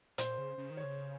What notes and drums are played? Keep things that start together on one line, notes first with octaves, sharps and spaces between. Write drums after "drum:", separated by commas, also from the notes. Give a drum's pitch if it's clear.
A#2 C5, drum: hi-hat
C#3
C#3
D#3
C#5
C#3